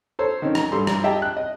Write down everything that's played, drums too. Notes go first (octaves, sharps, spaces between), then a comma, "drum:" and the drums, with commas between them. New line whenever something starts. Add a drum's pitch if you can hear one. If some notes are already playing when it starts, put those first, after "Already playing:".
A4 C5 C#5
D#3 C#4
drum: rim click
G2 G3 A4 C6
drum: rim click
G4 G#4 D#5 E5 G5 A5
F#6
D#5